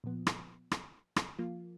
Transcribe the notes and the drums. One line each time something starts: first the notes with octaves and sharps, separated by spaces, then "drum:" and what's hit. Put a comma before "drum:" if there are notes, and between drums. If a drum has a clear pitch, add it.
A#2 F3 B3
drum: rim click
drum: rim click
drum: rim click
F3 A#3 F4